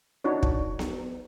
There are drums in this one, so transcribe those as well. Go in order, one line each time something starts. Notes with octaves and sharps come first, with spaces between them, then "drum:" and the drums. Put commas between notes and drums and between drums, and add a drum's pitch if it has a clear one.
D4 D#4 F#4 C#5
drum: kick
drum: snare B3